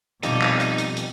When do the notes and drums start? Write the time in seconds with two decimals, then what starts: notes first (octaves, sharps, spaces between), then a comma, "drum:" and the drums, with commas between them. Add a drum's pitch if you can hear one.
0.23 F2 B2 G3 D#4, drum: hi-hat
0.42 drum: clap
0.60 drum: hi-hat
0.78 drum: hi-hat
0.97 drum: hi-hat